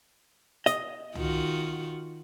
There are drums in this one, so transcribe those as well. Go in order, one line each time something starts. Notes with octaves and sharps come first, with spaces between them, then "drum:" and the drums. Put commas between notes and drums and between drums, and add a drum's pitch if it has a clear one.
D#5, drum: hi-hat
D#3 F4 F#4, drum: tom